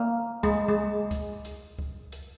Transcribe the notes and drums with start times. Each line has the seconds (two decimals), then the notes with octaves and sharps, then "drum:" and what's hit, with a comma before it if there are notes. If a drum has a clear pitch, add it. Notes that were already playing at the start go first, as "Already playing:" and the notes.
Already playing: A#3
0.43 G#3, drum: kick C#2, hi-hat
0.68 G#3
1.11 drum: kick C#2, hi-hat
1.45 drum: hi-hat
1.79 drum: kick C#2
2.12 drum: hi-hat